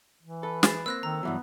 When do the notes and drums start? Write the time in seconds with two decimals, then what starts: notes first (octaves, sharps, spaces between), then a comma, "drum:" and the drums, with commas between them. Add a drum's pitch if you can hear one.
0.23 E3
0.43 A4 B4
0.63 G#4 A6 E7, drum: snare
0.86 A#3 C4 E6 F#6 A#6
1.03 D#3 A4 A#5
1.23 G2 E3 F#3 B3